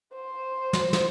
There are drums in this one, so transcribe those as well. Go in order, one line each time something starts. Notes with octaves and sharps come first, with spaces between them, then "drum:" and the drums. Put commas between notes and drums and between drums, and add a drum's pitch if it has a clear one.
C5
drum: snare
drum: snare